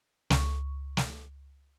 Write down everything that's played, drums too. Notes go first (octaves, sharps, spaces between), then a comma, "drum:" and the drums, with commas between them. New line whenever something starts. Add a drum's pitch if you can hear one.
C#2 C#6, drum: snare
drum: snare